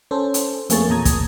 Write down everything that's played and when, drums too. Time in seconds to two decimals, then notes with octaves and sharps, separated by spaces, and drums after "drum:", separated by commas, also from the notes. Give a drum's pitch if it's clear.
0.11 C#4 A4 C5
0.34 drum: hi-hat
0.70 F2 A3 A#3 G#4 C#5 A6, drum: hi-hat
0.89 E2 A#2 A5 A#5 D#6 G#6
1.05 drum: kick, hi-hat